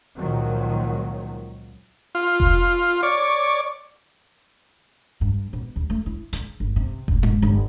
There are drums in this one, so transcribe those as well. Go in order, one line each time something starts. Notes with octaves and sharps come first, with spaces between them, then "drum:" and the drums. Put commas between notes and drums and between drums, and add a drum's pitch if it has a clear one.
C#2 A#2 D#3 F3 F#3
F4
drum: kick F1
C#5 D5
G2
B2
D#2
A3
E4
C#3, drum: hi-hat
G1
C3
G#1, drum: kick F1
G#3, drum: tom G2
G1